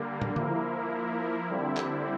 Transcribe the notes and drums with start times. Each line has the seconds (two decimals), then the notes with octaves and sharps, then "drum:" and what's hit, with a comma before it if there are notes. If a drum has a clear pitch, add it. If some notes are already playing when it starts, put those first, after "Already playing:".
Already playing: D3 G3 A#3
0.22 drum: tom
0.36 F3 A#3 E4 A#4, drum: tom D3
1.49 D3 G3 C4 E4
1.77 drum: clap